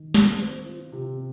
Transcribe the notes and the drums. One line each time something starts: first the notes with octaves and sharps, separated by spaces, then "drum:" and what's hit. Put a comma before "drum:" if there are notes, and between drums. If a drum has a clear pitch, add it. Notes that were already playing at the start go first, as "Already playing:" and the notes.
Already playing: D#3
C4, drum: snare
C5
F4
C3 F4
C4